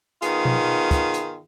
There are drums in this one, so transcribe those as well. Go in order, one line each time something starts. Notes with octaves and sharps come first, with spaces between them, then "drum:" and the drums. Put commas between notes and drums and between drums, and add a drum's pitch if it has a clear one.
D#3 B3 F4 G#4, drum: hi-hat
drum: tom B2
drum: kick, hi-hat
drum: hi-hat